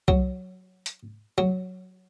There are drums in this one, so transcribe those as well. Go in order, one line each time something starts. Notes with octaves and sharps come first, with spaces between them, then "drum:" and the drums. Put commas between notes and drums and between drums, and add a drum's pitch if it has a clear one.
F#3, drum: kick C2
drum: hi-hat
F#3